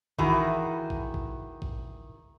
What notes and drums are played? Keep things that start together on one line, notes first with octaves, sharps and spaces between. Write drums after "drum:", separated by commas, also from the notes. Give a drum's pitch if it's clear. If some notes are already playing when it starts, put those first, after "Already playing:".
D#3 E3 E4 F#4 G#4, drum: kick G#1
drum: kick G#1
drum: kick G#1
drum: kick G#1